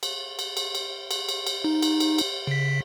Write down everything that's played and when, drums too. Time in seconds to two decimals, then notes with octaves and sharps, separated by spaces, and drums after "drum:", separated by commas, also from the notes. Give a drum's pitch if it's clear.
0.03 drum: cymbal
0.39 drum: cymbal
0.57 drum: cymbal
0.75 drum: cymbal
1.11 drum: cymbal
1.29 drum: cymbal
1.47 drum: cymbal
1.64 D#4
1.82 drum: cymbal
2.00 drum: cymbal
2.18 drum: cymbal
2.47 C#3 B6